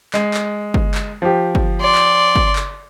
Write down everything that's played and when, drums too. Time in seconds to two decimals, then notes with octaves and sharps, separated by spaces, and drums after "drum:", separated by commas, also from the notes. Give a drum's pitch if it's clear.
0.14 G#3, drum: clap
0.34 drum: clap
0.74 drum: kick G1
0.94 drum: clap
1.22 F3 G4
1.55 drum: kick G1
1.81 D5 C6
1.95 drum: clap
2.36 drum: kick G1
2.56 drum: clap